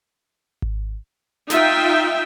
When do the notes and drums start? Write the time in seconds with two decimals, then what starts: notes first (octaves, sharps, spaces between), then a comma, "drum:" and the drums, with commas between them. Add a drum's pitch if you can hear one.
0.62 drum: kick G#1
1.50 D#4 F4 E5 G5, drum: snare